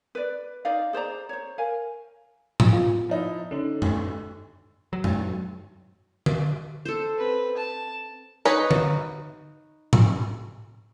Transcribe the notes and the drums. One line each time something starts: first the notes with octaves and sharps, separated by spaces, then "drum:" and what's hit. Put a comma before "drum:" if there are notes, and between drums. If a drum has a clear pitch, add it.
B4 D5
D#4 D5 D#5 F5
G#4 C5 D5 A#5
C5 C#5
A#4 F5 G#5
drum: tom G#2
B3 F4
F3 D#4 E4
D3 C#4 D#4
drum: tom F#2
F#3
drum: tom F#2
drum: tom D3
A4 C5
C4 B4
A5
D#4 B4 C#5
drum: tom D3
drum: tom G#2